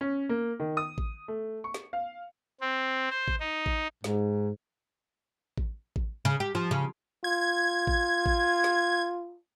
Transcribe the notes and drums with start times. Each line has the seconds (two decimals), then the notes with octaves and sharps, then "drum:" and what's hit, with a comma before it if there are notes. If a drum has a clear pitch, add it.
0.01 C#4
0.29 A#3
0.60 D#3
0.77 D#6
0.98 drum: kick A1
1.28 A3
1.64 C#6
1.74 drum: snare
1.93 F5
2.61 C4
3.11 C5
3.28 drum: kick A1
3.40 D#4
3.66 drum: kick A1
4.04 G#2, drum: snare
5.58 drum: kick A1
5.96 drum: kick A1
6.25 C#3
6.40 G4
6.55 F3
6.71 C#3
7.24 F4 G#6
7.87 drum: kick A1
8.26 drum: kick A1
8.64 drum: snare